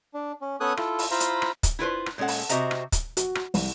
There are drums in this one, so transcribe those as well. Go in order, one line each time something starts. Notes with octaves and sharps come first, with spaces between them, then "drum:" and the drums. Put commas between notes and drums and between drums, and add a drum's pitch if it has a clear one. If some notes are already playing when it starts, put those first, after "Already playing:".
D4
C#4
B3 C#4 A4 G#5 D#6 F#6
E4 F4 A4, drum: rim click
drum: open hi-hat
E4 F4 C5 F5 A#5 B5
drum: hi-hat
drum: rim click
drum: kick, hi-hat
E4 F4 B4 C5
drum: rim click
A#2 G#3 C#4 A4 F#5
drum: open hi-hat
C3 F#4 C5 D#5 E5 A#5, drum: hi-hat
drum: rim click
drum: kick, hi-hat
F#4, drum: hi-hat
drum: rim click
C2, drum: open hi-hat